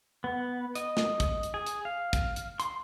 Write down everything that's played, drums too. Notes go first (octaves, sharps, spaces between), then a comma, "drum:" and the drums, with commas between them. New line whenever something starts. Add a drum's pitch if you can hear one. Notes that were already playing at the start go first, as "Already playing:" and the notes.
B3
D#5, drum: hi-hat
drum: snare
drum: kick, hi-hat
drum: hi-hat
G#4
drum: hi-hat
F5
drum: kick, hi-hat
drum: hi-hat
C6, drum: hi-hat